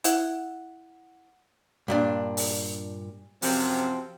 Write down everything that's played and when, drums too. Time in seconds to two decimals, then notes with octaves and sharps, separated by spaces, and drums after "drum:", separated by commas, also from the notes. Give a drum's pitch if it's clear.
0.04 E4 F#5, drum: hi-hat
1.88 G2 A#2 D4
2.37 drum: open hi-hat
3.42 F#2 C3 F3 C4, drum: open hi-hat